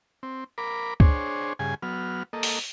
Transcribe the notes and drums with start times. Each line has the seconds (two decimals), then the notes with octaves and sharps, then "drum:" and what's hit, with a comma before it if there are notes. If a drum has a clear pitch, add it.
0.23 C4
0.58 A#4 B5 D6
1.00 D4 G#4 C5 C#5, drum: kick
1.59 G2 C#3 G#4 G#5
1.82 F#3 B3 F6
2.33 A#3 A4 D#5
2.43 drum: open hi-hat